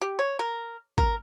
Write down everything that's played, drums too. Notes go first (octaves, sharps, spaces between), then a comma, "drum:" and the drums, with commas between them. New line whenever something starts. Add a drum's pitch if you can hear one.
G4
C#5
A#4
A#4, drum: kick G#1